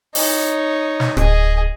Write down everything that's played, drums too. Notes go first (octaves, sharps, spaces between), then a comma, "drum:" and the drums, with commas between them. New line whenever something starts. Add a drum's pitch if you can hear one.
D#4 C#5, drum: open hi-hat
drum: snare
D1 G#4 D#5, drum: rim click